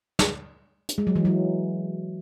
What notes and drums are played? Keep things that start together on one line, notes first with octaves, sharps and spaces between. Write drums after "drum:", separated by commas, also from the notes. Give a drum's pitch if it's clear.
drum: snare
drum: hi-hat
G#3
F#3
E3
F#3